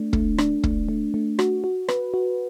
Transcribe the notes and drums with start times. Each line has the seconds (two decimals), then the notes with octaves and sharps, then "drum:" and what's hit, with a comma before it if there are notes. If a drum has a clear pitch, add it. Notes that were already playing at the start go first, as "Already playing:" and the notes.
Already playing: A3 D4
0.13 A3, drum: kick
0.38 D4, drum: rim click
0.64 A3, drum: kick
0.88 A3
1.14 A3
1.39 F#4, drum: rim click
1.64 F#4
1.88 B4, drum: rim click
2.14 F#4